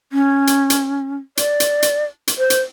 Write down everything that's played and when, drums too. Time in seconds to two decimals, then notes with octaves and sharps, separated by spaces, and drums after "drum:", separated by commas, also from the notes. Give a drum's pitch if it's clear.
0.12 C#4
0.47 drum: hi-hat
0.70 drum: hi-hat
1.37 D5, drum: hi-hat
1.60 drum: hi-hat
1.82 drum: hi-hat
2.28 drum: hi-hat
2.38 C5
2.50 drum: hi-hat